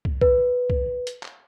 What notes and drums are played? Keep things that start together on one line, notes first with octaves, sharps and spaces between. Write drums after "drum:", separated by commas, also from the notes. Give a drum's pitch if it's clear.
drum: kick
B4, drum: kick
drum: kick
drum: hi-hat
drum: clap